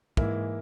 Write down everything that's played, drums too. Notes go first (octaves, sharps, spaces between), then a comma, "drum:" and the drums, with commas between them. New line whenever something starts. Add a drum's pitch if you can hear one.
G#2 E3 A#3 E4, drum: kick